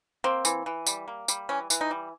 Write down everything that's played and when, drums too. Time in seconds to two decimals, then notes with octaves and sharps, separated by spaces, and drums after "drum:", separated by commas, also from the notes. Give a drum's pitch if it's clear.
0.24 A#3 C4
0.45 E3, drum: tambourine
0.66 E3
0.87 G3, drum: tambourine
1.08 A#3
1.28 G3, drum: tambourine
1.49 E3 C#4
1.70 E3, drum: tambourine
1.81 D#4
1.91 G3